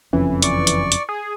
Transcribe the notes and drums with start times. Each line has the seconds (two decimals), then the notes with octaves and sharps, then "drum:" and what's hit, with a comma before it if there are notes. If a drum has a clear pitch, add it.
0.13 F#1 F2 E3 C#4
0.42 D5 C#6, drum: hi-hat
0.67 drum: hi-hat
0.92 drum: hi-hat
1.09 G#4